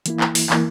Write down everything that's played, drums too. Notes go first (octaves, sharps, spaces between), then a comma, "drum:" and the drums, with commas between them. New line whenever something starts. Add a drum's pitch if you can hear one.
E3 A#3 E4, drum: hi-hat
drum: clap
drum: open hi-hat
E3 A#3 E4, drum: clap